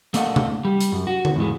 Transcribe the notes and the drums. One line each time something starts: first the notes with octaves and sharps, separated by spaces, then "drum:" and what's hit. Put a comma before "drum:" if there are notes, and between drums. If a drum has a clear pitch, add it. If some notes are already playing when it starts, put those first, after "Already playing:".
A3 A#3 A4 D5 D#5 F#5, drum: hi-hat
drum: tom C3
G3
drum: hi-hat
F#2
F#4
drum: tom D3
E2 G#2 E3 G#3